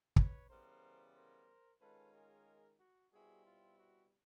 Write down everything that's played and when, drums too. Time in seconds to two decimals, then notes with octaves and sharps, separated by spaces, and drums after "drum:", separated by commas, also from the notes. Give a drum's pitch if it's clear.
0.16 B4 C#5, drum: kick
0.49 C#3 E3 G3 B3 A#4 C5
1.14 A#4 C5
1.80 D#3 G#3 C#4 F4 A4 B4
2.13 G#4 A#4
2.79 F#4
3.12 B2 G3 C4 E4 F#4 G#4
3.44 F4
3.77 F#4